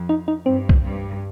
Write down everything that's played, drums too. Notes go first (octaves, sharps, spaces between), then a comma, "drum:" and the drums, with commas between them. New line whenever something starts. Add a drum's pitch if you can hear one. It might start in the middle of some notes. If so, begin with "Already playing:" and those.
Already playing: F2
D#4
D#4
G2 C4
drum: kick B1
G2